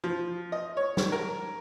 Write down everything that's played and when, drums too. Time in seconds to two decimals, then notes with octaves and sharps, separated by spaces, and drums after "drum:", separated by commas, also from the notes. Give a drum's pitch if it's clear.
0.04 F3
0.52 D#5
0.77 C#5
0.97 drum: snare
1.12 A#4